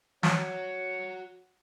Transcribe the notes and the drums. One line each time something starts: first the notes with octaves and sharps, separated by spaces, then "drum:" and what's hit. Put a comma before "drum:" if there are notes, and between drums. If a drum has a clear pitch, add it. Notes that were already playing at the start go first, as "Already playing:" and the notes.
F#4 C#5 A#5, drum: snare